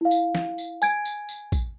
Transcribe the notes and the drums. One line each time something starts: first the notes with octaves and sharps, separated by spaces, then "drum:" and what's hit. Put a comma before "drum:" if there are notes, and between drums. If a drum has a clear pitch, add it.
E4 F5
drum: tambourine
drum: snare
drum: tambourine
G#5 G#6 D7, drum: tambourine
drum: tambourine
drum: tambourine
drum: kick, tambourine